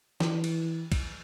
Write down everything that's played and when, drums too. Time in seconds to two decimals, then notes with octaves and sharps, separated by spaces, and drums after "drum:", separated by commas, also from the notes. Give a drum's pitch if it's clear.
0.20 E3, drum: snare
0.44 drum: cymbal
0.92 drum: kick, cymbal